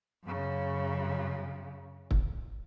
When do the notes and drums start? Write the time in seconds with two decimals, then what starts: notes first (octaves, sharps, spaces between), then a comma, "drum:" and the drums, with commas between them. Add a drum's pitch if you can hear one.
0.24 F#2 C#3
2.11 drum: kick